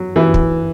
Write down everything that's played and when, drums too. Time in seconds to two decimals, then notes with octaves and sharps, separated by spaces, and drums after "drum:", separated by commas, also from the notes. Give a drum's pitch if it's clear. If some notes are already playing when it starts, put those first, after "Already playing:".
Already playing: F#3
0.16 E3
0.34 drum: kick